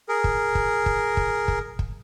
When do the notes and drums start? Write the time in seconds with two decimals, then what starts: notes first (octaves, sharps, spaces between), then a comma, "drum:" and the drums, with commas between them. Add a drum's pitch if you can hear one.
0.09 G#4 A#4
0.24 drum: kick
0.55 drum: kick
0.86 drum: kick
1.17 drum: kick
1.48 drum: kick
1.79 drum: kick